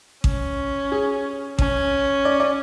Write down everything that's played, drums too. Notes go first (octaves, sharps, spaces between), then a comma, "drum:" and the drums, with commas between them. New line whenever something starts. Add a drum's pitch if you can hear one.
C#4, drum: kick A1
G#4
C#4, drum: kick A1
D5
D5